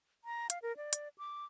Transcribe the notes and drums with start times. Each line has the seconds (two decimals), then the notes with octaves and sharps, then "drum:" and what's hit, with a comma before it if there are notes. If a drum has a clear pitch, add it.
0.24 A#5
0.50 F5, drum: hi-hat
0.62 A#4
0.77 D5
0.93 drum: hi-hat
1.18 D6